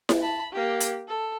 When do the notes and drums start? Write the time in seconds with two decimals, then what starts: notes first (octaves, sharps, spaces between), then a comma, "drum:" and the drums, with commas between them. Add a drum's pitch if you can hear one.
0.09 drum: snare E4
0.22 A5 B5
0.52 A#3 G4
0.80 drum: hi-hat
1.08 A4